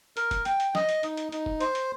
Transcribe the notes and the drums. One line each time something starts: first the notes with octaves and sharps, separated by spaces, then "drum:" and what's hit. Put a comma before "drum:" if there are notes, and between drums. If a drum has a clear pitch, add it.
A#4, drum: hi-hat
drum: kick, hi-hat
G5, drum: hi-hat
drum: hi-hat
D#5, drum: snare
drum: hi-hat
D#4, drum: hi-hat
drum: hi-hat
D#4, drum: hi-hat
drum: kick
C5, drum: hi-hat
drum: hi-hat